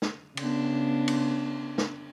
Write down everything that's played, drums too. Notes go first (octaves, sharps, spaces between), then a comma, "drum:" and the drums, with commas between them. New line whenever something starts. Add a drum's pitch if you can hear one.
drum: snare
C#3 B3 D4, drum: cymbal
drum: cymbal
drum: snare